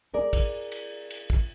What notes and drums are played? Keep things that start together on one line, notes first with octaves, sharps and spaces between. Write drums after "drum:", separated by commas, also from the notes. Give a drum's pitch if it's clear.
G#4 A#4 D5
drum: kick, cymbal
drum: cymbal
drum: cymbal
drum: kick